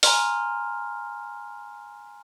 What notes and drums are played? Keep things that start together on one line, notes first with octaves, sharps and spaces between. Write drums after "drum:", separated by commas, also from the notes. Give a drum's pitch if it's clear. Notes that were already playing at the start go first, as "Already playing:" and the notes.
G#5 A#5 C6 F6, drum: open hi-hat